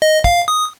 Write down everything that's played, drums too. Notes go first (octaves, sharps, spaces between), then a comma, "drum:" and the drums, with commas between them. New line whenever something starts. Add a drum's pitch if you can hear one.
D#5
F5, drum: kick
D#6